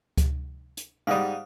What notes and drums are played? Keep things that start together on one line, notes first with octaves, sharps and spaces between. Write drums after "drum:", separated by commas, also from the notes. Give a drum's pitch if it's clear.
drum: kick C#2, hi-hat
drum: hi-hat
G#2 G3 F5 F#5 D#6